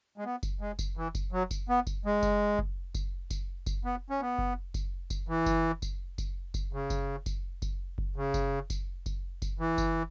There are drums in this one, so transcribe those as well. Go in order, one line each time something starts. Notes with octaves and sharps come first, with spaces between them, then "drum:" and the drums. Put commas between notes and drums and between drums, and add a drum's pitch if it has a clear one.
G#3
B3
drum: kick F#1, tambourine
G#3
drum: kick F#1, tambourine
E3
drum: kick F#1, tambourine
F#3
drum: kick F#1, tambourine
B3
drum: kick F#1, tambourine
G#3
drum: kick F#1, tambourine
drum: kick F#1
drum: kick F#1, tambourine
drum: kick F#1, tambourine
drum: kick F#1, tambourine
B3
C#4
B3
drum: kick F#1
drum: kick F#1, tambourine
drum: kick F#1, tambourine
E3
drum: kick F#1, tambourine
drum: kick F#1, tambourine
drum: kick F#1, tambourine
drum: kick F#1, tambourine
C#3
drum: kick F#1, tambourine
drum: kick F#1, tambourine
drum: kick F#1, tambourine
drum: kick F#1
C#3
drum: kick F#1, tambourine
drum: kick F#1, tambourine
drum: kick F#1, tambourine
drum: kick F#1, tambourine
E3
drum: kick F#1, tambourine